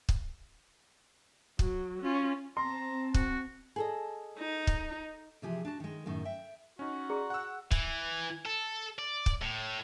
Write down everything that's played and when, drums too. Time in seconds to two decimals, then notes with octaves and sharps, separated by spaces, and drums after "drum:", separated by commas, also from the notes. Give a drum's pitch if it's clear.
0.09 drum: kick
1.59 F#3, drum: kick
2.02 C#4 F4
2.57 C4 A5 A#5 C6
3.14 F#4, drum: kick
3.76 G#4 A4 D#5
4.38 D#4
4.67 drum: kick
5.42 C3 E3 F3 G4 G#4
5.65 D4 F#4 A5
5.80 D#3 G#3
6.06 F#2 A2 D#3
6.25 E5 G5
6.79 C#4 D#4 F#4
7.10 G#4 D5 A#5 C6
7.30 F#5 E6 F#6
7.71 E3, drum: kick
8.46 A4
8.99 D5
9.26 drum: kick
9.42 A2